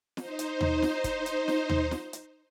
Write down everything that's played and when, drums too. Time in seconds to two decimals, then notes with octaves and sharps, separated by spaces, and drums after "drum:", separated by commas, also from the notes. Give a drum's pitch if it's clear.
0.17 D#4 C5, drum: snare
0.39 drum: hi-hat
0.61 drum: tom D#2
0.82 drum: snare
1.04 drum: kick, hi-hat
1.26 drum: hi-hat
1.48 drum: snare
1.70 drum: tom D#2
1.91 drum: snare
2.13 drum: hi-hat